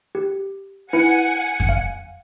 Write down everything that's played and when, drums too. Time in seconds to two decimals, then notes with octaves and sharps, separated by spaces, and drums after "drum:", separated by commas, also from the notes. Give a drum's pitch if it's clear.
0.15 G4
0.93 E4 B4 F#5 G#5 C#7
1.60 drum: kick F2
1.69 F5